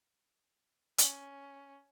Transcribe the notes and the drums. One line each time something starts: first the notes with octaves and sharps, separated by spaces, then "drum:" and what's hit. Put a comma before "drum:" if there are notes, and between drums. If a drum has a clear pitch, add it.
C#4, drum: hi-hat